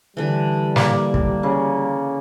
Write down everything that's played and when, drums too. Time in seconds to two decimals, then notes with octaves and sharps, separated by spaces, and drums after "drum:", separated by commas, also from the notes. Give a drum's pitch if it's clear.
0.17 D3 E3 G3
0.76 A#3, drum: snare
1.14 drum: kick
1.43 C#3